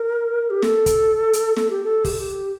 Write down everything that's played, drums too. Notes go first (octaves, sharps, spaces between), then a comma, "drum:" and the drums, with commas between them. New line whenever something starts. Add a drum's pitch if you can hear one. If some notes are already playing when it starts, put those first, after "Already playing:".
Already playing: A#4
G4
A4, drum: snare
drum: kick, hi-hat
drum: hi-hat
A4, drum: snare
G4
A4
G4, drum: kick, open hi-hat
A4
G4